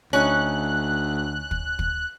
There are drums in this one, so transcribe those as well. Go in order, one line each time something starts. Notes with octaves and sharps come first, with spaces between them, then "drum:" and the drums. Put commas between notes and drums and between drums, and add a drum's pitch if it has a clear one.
D2 C#4 D#4 F#6
drum: kick
drum: kick